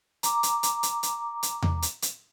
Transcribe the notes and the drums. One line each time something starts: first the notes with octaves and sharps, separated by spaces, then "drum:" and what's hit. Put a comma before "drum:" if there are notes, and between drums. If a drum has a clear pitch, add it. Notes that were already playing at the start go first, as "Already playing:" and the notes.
A#5 D6, drum: hi-hat
drum: hi-hat
drum: hi-hat
drum: hi-hat
drum: hi-hat
drum: hi-hat
drum: tom E2
drum: hi-hat
drum: hi-hat